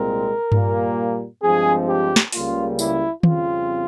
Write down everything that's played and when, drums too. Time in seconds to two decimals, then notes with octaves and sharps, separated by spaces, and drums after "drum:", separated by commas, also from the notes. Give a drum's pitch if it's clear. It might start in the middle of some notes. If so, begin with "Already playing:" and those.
Already playing: C2 A#2 G#3 C4 A#4
0.52 A#2 G3 A#3, drum: tom G2
1.42 G2 F3 G#3 C4 G#4
1.88 G4
2.16 drum: snare
2.32 C#2 C#3 G3 A#3 F4, drum: open hi-hat
2.79 E4, drum: tambourine
3.23 F2 C#3 G3 C4 F4, drum: tom D#3